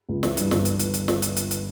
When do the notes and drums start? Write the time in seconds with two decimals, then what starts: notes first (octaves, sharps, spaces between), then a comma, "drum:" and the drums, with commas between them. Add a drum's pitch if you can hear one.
0.09 C#2
0.23 E3, drum: snare
0.37 G2, drum: hi-hat
0.51 G1, drum: snare
0.65 drum: hi-hat
0.79 drum: hi-hat
0.94 drum: hi-hat
1.08 drum: snare
1.22 drum: hi-hat
1.37 drum: hi-hat
1.51 drum: hi-hat